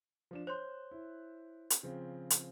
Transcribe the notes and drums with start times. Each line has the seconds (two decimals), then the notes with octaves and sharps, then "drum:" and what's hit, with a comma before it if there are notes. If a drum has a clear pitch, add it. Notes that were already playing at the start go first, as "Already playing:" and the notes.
0.31 F3 D4 E7
0.47 C5 C#5 C6 F#6 G6
0.91 E4
1.70 drum: hi-hat
1.83 C#3 F3 C4
2.30 drum: hi-hat